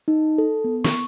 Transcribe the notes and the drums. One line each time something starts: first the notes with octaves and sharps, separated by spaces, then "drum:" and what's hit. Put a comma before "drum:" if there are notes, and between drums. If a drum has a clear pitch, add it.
D#4
A4
B3
C#6, drum: snare